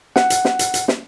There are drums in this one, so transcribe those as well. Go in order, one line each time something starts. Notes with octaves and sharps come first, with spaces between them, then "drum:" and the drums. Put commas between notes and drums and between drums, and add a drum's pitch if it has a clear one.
F#5, drum: snare
drum: hi-hat
drum: snare
drum: hi-hat
drum: hi-hat
drum: snare